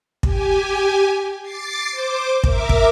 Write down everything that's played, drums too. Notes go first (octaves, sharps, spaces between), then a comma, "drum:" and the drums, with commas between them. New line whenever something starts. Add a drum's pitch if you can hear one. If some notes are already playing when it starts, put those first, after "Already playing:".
G4 G#5, drum: kick
D6 A6 C7
C5 D6
A#4 E5 D6, drum: kick
drum: kick